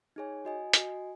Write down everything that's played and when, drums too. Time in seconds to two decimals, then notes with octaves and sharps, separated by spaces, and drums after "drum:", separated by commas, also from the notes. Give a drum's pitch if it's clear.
0.16 D#4 G#4 C#5 G#5
0.45 F#4 D#5 G#5
0.73 F#4 D#5 G#5, drum: hi-hat